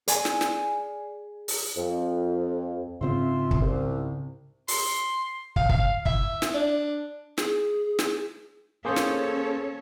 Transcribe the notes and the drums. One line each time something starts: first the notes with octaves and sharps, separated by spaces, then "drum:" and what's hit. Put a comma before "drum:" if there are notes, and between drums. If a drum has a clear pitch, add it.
G#4 D5 G#5, drum: hi-hat
drum: snare
drum: snare
drum: open hi-hat
F2
G#2 C#3 C4 F4 E5 C6
drum: kick
C2
C6, drum: open hi-hat
F5, drum: kick
F5, drum: kick
E5, drum: kick
drum: snare
D4
G#4, drum: snare
drum: snare
A#3 C#4 G#4 A4 C5 C#5
drum: snare